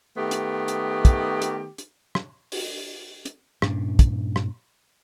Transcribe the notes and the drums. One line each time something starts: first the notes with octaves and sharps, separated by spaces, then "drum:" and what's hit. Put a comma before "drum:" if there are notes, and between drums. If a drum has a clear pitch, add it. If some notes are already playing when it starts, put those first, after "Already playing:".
D#3 A3 B3 G4
drum: hi-hat
drum: hi-hat
drum: kick, hi-hat
drum: hi-hat
drum: hi-hat
drum: rim click
drum: open hi-hat
drum: hi-hat
G2 A#2 C#4 D4, drum: rim click
drum: kick, hi-hat
drum: rim click